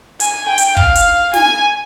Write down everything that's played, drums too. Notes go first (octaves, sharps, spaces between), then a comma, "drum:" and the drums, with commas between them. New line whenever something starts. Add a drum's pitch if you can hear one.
G#5, drum: hi-hat
G5
drum: hi-hat
F5, drum: kick
drum: hi-hat
G#5, drum: snare